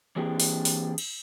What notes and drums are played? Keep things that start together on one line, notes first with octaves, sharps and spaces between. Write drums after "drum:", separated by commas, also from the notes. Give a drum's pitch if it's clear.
E3 A#3 C4 D4 G4 G#4
drum: open hi-hat
drum: open hi-hat
drum: cymbal